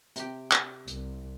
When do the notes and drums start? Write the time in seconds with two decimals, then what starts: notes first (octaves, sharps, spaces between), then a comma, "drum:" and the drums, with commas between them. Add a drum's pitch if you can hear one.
0.16 C3 G4, drum: hi-hat
0.52 drum: clap
0.87 C2, drum: hi-hat